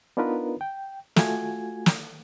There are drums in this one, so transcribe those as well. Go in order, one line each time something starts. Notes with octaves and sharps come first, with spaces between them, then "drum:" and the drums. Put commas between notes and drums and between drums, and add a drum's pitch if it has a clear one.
B3 D4 D#4 F4 A#4 B4
G5
A3 F4 F#4 G#5 G#6, drum: snare
drum: snare